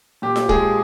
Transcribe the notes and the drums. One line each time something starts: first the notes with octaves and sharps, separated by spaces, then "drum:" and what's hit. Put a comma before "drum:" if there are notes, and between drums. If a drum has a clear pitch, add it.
A#2 G4
drum: snare F4
F3 G#3 G#4, drum: kick